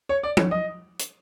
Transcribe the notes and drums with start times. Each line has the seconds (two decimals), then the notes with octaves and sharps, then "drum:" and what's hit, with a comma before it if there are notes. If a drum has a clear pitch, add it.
0.09 C#5
0.23 D5
0.37 C#5, drum: tom
0.51 D#5
0.99 drum: hi-hat